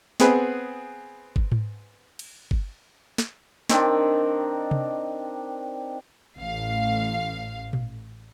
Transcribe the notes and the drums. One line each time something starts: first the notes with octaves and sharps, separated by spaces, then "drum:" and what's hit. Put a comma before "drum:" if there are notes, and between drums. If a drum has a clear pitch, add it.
B3 C4 G#4 B4, drum: snare
drum: kick G1
drum: tom G#2
drum: cymbal
drum: kick G1
drum: snare
D#3 C4 D4, drum: snare
drum: tom C3
A1 F5
drum: tom A#2